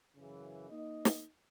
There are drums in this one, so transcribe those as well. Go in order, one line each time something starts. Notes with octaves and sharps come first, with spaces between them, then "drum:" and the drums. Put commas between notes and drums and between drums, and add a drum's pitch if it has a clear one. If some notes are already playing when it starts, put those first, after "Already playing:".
F#2 C#3 E3
A#3 D#4 D#5
drum: snare